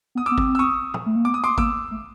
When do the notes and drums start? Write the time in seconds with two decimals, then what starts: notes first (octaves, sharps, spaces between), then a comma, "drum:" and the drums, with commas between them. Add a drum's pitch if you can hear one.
0.15 B3 D#6
0.26 D6 E6
0.31 B3
0.38 C4, drum: kick
0.55 E6
0.59 C#6 D#6
0.94 drum: tom
1.06 A3
1.16 A#3
1.25 B3 D6
1.34 D#6
1.44 C6 D6
1.58 A#3 D6 E6, drum: kick
1.91 A3